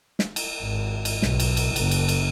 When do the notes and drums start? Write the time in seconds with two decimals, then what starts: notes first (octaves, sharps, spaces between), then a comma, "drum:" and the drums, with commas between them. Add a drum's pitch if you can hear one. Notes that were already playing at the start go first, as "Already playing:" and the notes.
0.19 drum: snare
0.36 drum: cymbal
0.62 G#1
1.05 drum: cymbal
1.22 B1, drum: snare
1.40 drum: cymbal
1.57 drum: cymbal
1.76 F#1, drum: cymbal
1.91 drum: cymbal
2.09 drum: cymbal